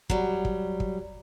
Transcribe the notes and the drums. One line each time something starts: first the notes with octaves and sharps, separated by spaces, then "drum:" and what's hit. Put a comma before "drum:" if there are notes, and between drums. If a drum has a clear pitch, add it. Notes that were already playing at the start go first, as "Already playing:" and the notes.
F#3 G3, drum: kick
drum: kick
drum: kick